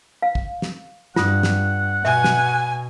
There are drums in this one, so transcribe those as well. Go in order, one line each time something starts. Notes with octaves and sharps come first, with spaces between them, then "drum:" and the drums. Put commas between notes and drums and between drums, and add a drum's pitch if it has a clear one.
F5
drum: kick
drum: snare
G2 F4 F#5 D#6, drum: snare
drum: snare
B2 E5 G#5
drum: snare